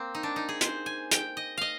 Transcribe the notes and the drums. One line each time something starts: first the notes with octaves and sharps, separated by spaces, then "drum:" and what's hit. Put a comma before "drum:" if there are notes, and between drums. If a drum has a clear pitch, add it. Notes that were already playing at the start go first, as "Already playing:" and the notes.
Already playing: A#3 C4
D#4
D4
D#4
G#4
C5, drum: hi-hat
G#5
G5, drum: hi-hat
D#5
D#5 F5